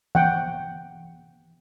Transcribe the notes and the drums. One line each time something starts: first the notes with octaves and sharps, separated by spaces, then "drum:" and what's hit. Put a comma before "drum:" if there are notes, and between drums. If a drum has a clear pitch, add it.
F#5 G5, drum: tom E3